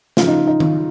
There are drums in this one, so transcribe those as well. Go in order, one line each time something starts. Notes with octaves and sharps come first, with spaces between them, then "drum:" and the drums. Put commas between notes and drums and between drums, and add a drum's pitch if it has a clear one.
C#3 F3 F4, drum: snare
D#4
D#4
drum: tom D#3